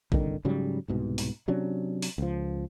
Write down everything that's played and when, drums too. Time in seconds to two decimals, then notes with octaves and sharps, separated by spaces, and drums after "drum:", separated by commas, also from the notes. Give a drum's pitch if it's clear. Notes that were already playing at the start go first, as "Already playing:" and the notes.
0.12 G1 C2 D3 D#3, drum: kick
0.45 G#2 C#3 F#3 G3
0.88 C2 G#2 B2
1.18 drum: open hi-hat
1.48 C3 F#3 C#4 D4
2.02 drum: open hi-hat
2.18 C#2 F3